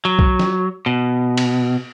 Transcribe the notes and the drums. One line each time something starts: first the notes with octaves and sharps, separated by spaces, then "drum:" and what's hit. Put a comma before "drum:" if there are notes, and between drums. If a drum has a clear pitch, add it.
F#3
drum: kick B1
drum: snare
B2
drum: cymbal